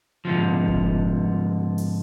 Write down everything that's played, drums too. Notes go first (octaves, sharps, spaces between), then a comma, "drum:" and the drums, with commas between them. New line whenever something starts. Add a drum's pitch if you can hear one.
G#2 D3 F3
drum: kick F1
drum: open hi-hat